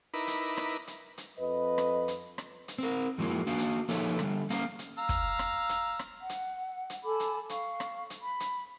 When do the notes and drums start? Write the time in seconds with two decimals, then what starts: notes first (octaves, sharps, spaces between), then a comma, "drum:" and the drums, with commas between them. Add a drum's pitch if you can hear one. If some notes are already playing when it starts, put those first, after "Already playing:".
0.14 D#4 E4 A#4 B4 B5 D6
0.27 drum: hi-hat
0.57 drum: rim click
0.87 drum: hi-hat
1.18 drum: hi-hat
1.39 F2 B4 D#5
1.78 drum: rim click
2.08 drum: hi-hat
2.38 drum: rim click
2.68 drum: hi-hat
2.78 C4 A#4
3.18 F#2 F3 F#3 G#3 A#3 E4
3.47 A#3 D4 F#4 F5
3.58 drum: hi-hat
3.89 F3 A#3 D#4 A4 C#5 E5, drum: hi-hat
4.19 D3 G3, drum: rim click
4.50 A#3 C#4 F5 A#5, drum: hi-hat
4.79 drum: hi-hat
4.98 F5 A#5 E6
5.09 drum: kick, hi-hat
5.39 drum: rim click
5.69 drum: hi-hat
5.99 drum: rim click
6.20 F#5
6.29 drum: hi-hat
6.90 drum: hi-hat
7.04 A4 G#5 B5 D6
7.20 drum: hi-hat
7.49 F5 C#6, drum: hi-hat
7.80 drum: rim click
8.10 drum: hi-hat
8.23 B5
8.40 drum: hi-hat